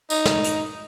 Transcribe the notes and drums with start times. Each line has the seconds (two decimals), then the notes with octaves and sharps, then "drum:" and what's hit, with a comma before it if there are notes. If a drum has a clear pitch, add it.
0.10 D#4, drum: tambourine
0.25 drum: snare
0.44 drum: hi-hat